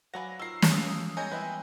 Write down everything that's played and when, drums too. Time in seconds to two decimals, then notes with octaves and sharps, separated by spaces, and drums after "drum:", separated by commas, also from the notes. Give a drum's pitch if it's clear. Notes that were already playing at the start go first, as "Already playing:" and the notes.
0.14 F#3 B4 D5 F5 F#5 G#5 A#6
0.39 D#3 F4 A#4 C5 E6 C7
0.62 drum: snare
0.72 E3 G#3 F5 D#6
1.17 G3 B3 G#4 A#4 C#5 D#5 G#5 G6
1.31 G#3 A#3 E4 B4 D#5 G5